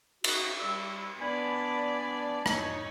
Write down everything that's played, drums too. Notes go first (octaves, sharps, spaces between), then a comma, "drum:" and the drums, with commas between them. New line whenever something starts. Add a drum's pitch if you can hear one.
D#4 F#4, drum: cymbal
G3 E6
B3 D4 D5 G#5 B5
D#4 C#5, drum: rim click